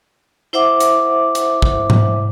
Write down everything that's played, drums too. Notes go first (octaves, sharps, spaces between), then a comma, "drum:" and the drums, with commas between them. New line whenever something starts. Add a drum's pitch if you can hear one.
E4 C5 E5 F#5 D6
drum: hi-hat
drum: hi-hat
drum: kick
drum: tom G#2